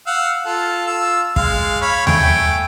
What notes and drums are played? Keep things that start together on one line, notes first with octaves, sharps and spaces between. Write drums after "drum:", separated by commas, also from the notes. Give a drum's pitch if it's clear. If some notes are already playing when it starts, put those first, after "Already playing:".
F5 F#5 E6
F4 A4
F4 E6
G#3 F5, drum: kick
C#5 B5
A3 G5 G#5, drum: tom D#2